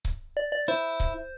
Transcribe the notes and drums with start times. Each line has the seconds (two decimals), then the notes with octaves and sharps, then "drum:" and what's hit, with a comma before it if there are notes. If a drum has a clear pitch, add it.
0.05 drum: kick C#1
0.37 D5
0.52 D5
0.68 E4 C5
1.00 drum: kick C#1